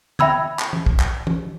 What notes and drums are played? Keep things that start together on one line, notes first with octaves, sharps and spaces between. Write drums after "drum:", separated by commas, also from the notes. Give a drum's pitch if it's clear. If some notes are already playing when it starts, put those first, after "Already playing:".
E5 G5 B5 E6 G#6, drum: tom
drum: clap
drum: tom
drum: kick
drum: clap
drum: tom